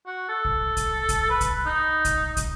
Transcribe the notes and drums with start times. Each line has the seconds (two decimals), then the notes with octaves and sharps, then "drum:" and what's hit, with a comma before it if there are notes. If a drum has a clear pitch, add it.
0.06 F#4
0.29 A4
0.45 drum: kick
0.77 drum: kick, hi-hat
1.09 drum: kick, hi-hat
1.30 B4
1.41 drum: kick, hi-hat
1.66 D#4
2.05 drum: kick, hi-hat
2.37 drum: kick, hi-hat